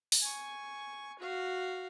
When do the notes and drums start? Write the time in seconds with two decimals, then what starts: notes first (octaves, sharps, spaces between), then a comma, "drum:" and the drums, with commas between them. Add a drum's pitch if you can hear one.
0.12 drum: open hi-hat
0.22 G#5 C#6
1.19 F#4 F5